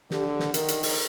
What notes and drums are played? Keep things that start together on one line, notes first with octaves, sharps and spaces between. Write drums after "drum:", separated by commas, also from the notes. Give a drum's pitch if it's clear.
D3 G4, drum: snare
drum: snare
D#3 A#4, drum: hi-hat
drum: hi-hat
drum: open hi-hat